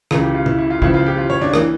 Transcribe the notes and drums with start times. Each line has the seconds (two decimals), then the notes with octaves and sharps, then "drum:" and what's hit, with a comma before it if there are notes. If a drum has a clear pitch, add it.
0.11 C#2 C#3 E3 A#4, drum: rim click
0.23 G4
0.34 F4
0.46 E4, drum: tom
0.59 E4
0.70 F4
0.82 C#2 C#3 F3 E4, drum: kick
0.94 F4
1.06 G4
1.18 F4
1.30 C#5
1.41 D4
1.54 A#3, drum: rim click
1.56 E3